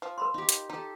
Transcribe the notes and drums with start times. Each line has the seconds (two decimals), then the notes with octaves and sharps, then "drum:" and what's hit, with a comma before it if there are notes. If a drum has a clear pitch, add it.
0.02 F3
0.18 A#4 B5 C6
0.34 D#4 G4
0.49 drum: hi-hat
0.70 D#4 G4 A4